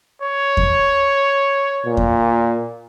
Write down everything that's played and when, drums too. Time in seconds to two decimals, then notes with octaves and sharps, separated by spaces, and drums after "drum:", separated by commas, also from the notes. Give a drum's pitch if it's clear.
0.22 C#5
0.57 drum: kick E2
1.86 A#2
1.97 drum: kick E2